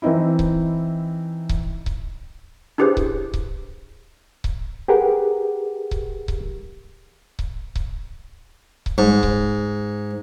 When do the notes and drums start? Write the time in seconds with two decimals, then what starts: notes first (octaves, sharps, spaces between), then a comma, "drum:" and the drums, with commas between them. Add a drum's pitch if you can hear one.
0.02 E3 C4 D#4 E4
0.39 drum: kick C#1
1.49 drum: kick C#1
1.86 drum: kick C#1
2.78 D4 E4 G4 G#4 B4 C5
2.97 drum: kick C#1
3.34 drum: kick C#1
4.44 drum: kick C#1
4.88 G4 G#4 A#4 B4 F#5
5.91 drum: kick C#1
6.28 drum: kick C#1
7.39 drum: kick C#1
7.75 drum: kick C#1
8.86 drum: kick C#1
8.98 G#2
9.23 drum: kick C#1